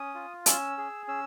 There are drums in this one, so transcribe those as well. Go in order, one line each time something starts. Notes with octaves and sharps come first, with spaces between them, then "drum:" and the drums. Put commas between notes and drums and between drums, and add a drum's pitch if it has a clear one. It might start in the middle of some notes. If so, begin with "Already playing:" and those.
Already playing: C#4 D#6
F4
C#4 E6, drum: hi-hat
G#4
C#4 E6